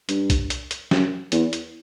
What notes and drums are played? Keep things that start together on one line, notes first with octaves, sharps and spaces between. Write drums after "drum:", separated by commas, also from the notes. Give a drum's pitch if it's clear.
G2, drum: hi-hat
drum: kick B1, hi-hat
drum: hi-hat
drum: hi-hat
F#2, drum: snare
E2, drum: hi-hat
drum: hi-hat